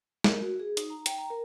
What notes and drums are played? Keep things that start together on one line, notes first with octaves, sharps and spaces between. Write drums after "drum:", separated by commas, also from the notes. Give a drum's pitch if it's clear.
A#4, drum: snare
F#4
G#4
D#4, drum: hi-hat
A#5
G5, drum: hi-hat
A#5
A#4